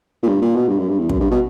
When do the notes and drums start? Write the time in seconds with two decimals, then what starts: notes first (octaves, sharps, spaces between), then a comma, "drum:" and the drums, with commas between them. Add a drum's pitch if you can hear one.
0.23 A#2
0.28 G2
0.42 A#2
0.55 B2
0.68 G2
0.79 F#2
0.89 G2
0.99 E2
1.09 F#2, drum: kick
1.20 G2
1.30 B2